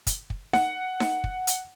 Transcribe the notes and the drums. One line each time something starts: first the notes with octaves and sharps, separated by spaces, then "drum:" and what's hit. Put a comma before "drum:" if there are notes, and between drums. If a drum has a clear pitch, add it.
drum: kick, hi-hat
drum: kick
F#5, drum: snare D#4
drum: snare D#4
drum: kick
drum: hi-hat